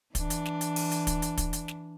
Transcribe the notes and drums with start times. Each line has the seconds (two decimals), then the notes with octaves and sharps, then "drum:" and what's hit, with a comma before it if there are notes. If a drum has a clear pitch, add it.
0.15 E3 D4, drum: kick, hi-hat
0.30 drum: hi-hat
0.45 drum: snare
0.61 drum: hi-hat
0.76 drum: open hi-hat
0.91 drum: hi-hat
1.07 drum: kick, hi-hat
1.22 drum: hi-hat
1.37 drum: kick, hi-hat
1.53 drum: hi-hat
1.68 drum: snare